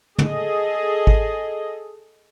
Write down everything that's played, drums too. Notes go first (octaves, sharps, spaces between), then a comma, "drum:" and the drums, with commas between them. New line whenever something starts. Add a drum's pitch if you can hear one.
G#4 A4 D#5, drum: tom
drum: kick G#1